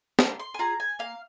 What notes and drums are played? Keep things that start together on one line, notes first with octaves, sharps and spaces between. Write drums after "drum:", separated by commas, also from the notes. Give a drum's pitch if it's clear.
A#3 C6, drum: snare
C6
G#5
F4 G#4 A#5
G#5
A#3 F5